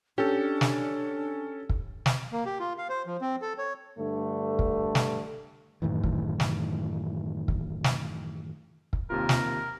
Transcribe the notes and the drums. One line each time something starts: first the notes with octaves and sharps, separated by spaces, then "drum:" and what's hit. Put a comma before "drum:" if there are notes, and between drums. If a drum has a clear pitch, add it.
C#4 D4 G4 A4
drum: snare
drum: kick
drum: snare
A#3
G4
F4
F5
C5
F3
C4
A4
C#5
G2 D3 A3
drum: kick
drum: snare
F#2 A2 D#3 E3
drum: kick
drum: snare
drum: kick
drum: snare
drum: kick
D#2 C3 F4 A#4
drum: snare